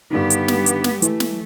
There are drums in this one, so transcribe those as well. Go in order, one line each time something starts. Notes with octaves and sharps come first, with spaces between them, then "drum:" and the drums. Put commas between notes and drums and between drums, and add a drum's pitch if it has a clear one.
G2 D3 D#3 B3 G4
drum: hi-hat
drum: snare
drum: hi-hat
drum: snare
E3 A3, drum: hi-hat
drum: snare